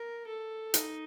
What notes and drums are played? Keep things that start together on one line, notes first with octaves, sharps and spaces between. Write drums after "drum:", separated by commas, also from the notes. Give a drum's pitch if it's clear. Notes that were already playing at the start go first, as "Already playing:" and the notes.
Already playing: A#4
A4
D#4, drum: hi-hat